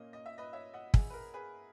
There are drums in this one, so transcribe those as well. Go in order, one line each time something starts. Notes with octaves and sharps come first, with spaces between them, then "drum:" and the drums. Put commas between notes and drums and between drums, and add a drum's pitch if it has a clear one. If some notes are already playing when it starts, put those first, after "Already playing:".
Already playing: A#2 A#3 C#4 D#5
D#5
E5
B4 D#5
C#5 E5
D#5 F#5
G#4, drum: kick
B4
A#4
G#4 B4